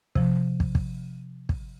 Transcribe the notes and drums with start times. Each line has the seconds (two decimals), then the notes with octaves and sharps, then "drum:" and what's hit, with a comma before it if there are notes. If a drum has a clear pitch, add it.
0.15 C3 F3, drum: kick
0.60 drum: kick
0.75 drum: kick
1.49 drum: kick